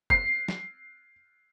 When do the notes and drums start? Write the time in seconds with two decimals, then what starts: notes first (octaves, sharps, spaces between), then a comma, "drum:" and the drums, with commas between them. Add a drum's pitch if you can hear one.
0.10 C7, drum: kick
0.48 drum: snare